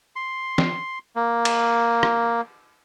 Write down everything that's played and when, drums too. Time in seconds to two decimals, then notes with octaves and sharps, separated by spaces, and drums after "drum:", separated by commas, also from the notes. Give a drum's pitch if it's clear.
0.16 C6
0.58 drum: snare
1.16 A#3
1.45 drum: cymbal
2.03 drum: rim click